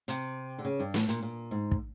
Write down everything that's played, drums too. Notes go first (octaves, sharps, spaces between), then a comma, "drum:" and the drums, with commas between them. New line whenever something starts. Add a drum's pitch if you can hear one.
C3, drum: hi-hat
D3
C#3
G2
A2, drum: snare
A#2, drum: hi-hat
A#2
G#2
drum: kick